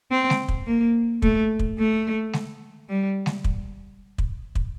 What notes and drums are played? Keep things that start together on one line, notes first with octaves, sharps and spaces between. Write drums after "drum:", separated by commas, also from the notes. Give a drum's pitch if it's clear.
C4
drum: snare G#3
drum: kick
A#3
A3, drum: kick
drum: kick
A3
drum: snare G#3
G3
drum: snare G#3
drum: kick
drum: kick
drum: kick